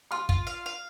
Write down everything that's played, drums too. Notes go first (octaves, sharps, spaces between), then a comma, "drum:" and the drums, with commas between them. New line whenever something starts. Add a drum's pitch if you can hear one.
F4 C6 F6
F4, drum: kick
F5
F5